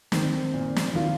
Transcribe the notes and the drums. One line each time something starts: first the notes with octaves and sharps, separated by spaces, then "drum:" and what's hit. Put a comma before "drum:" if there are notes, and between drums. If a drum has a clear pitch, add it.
D#3 C4, drum: snare
A#2
drum: snare
F3
D#3 F4